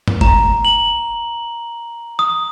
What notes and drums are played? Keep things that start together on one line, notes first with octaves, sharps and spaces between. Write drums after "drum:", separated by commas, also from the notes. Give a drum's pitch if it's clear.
drum: tom G2
A#5, drum: kick F#1
F#7
D#6